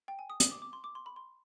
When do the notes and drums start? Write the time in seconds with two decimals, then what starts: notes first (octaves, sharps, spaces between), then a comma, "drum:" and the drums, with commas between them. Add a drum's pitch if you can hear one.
0.08 G5
0.19 G#5
0.30 D#6
0.40 D#6, drum: hi-hat
0.51 D6
0.62 D6
0.73 C6
0.84 D6
0.95 C6
1.06 B5
1.16 C6